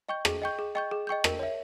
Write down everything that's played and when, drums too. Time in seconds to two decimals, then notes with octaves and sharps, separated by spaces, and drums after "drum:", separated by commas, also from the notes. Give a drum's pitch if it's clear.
0.09 D#5 G5 C#6 G6
0.25 G#4, drum: rim click
0.42 D#5 G5 C#6 G6
0.59 G#4
0.75 D#5 G5 C#6 G6
0.91 G#4
1.07 D#5 G5 C#6 G6
1.24 A#4, drum: rim click
1.39 C#5 E5